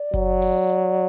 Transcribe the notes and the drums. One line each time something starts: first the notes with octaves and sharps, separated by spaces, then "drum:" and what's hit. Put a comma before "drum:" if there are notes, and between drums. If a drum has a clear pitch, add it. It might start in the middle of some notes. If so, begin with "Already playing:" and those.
Already playing: D5
F#3, drum: kick F#1, hi-hat
drum: open hi-hat
drum: hi-hat